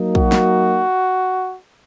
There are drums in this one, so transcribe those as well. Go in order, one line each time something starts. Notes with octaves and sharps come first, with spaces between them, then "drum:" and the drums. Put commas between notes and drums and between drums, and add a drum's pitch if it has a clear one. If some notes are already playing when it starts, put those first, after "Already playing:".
Already playing: F#3 A#3 D#4
F#4, drum: kick
drum: snare